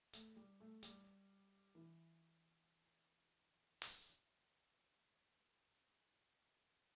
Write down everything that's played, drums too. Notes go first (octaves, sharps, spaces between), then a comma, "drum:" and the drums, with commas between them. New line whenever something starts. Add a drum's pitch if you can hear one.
A3, drum: hi-hat
G3
A3
G3, drum: hi-hat
E3
drum: open hi-hat